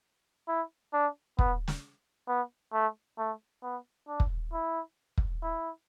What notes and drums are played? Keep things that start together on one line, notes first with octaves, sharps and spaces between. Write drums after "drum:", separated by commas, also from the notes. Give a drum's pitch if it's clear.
E4
D4
B3, drum: kick
drum: snare
B3
A3
A3
B3
D4
drum: kick
E4
drum: kick
E4